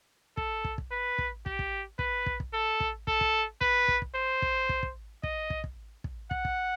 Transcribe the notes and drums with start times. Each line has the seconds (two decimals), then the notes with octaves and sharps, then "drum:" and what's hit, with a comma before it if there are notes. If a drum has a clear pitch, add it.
0.37 A4, drum: kick
0.64 drum: kick
0.78 drum: kick
0.91 B4
1.18 drum: kick
1.46 G4, drum: kick
1.59 drum: kick
1.99 B4, drum: kick
2.26 drum: kick
2.40 drum: kick
2.53 A4
2.80 drum: kick
3.07 A4, drum: kick
3.21 drum: kick
3.61 B4, drum: kick
3.88 drum: kick
4.02 drum: kick
4.15 C5
4.42 drum: kick
4.69 drum: kick
4.83 drum: kick
5.23 D#5, drum: kick
5.50 drum: kick
5.64 drum: kick
6.04 drum: kick
6.31 F#5, drum: kick
6.45 drum: kick